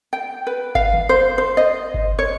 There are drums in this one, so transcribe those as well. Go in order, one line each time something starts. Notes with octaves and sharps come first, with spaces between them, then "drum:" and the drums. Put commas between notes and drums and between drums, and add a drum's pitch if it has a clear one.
G5
B4
F5, drum: kick G1
drum: tom D#3
C5
C5
D#5
drum: kick G1
C#5